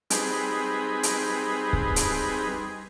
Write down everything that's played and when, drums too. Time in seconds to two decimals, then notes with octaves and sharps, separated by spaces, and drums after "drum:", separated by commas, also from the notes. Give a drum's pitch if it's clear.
0.10 G3 C4 D#4 G#4 B4, drum: hi-hat
1.03 drum: hi-hat
1.73 drum: kick
1.96 drum: hi-hat